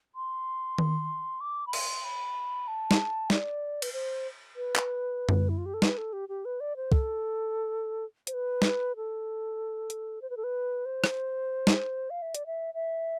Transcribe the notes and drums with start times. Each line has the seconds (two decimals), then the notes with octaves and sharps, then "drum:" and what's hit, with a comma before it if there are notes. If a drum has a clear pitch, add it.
0.15 C6
0.78 drum: tom D#3
1.41 D6
1.67 B5
1.73 C6, drum: cymbal
2.04 B5
2.68 A5
2.91 drum: snare
3.30 D5, drum: snare
3.82 B4, drum: cymbal
3.93 C5
4.56 B4
4.76 drum: clap
5.29 drum: tom F#2
5.49 E4
5.58 F4
5.66 G4
5.74 A4
5.82 B4, drum: snare
5.97 A4
6.13 G4
6.29 G4
6.45 B4
6.60 D5
6.76 C5
6.92 A4, drum: kick
8.27 C5, drum: hi-hat
8.34 B4
8.62 drum: snare
8.96 A4
9.90 drum: hi-hat
10.22 C5
10.30 B4
10.37 A4
10.44 B4
10.86 C5
11.04 drum: rim click
11.67 drum: snare
12.10 F5
12.22 E5
12.34 D5, drum: hi-hat
12.46 E5
12.74 E5